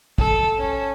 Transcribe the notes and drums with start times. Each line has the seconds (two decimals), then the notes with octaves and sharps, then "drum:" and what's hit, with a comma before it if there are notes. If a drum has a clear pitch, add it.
0.18 A4, drum: kick
0.58 C#4